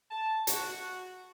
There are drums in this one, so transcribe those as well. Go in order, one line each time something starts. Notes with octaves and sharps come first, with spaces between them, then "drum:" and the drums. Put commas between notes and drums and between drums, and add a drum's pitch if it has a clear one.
A5
F#4, drum: hi-hat